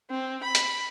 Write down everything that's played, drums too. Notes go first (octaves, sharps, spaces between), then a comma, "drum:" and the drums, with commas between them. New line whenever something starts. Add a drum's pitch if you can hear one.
C4
B5
drum: hi-hat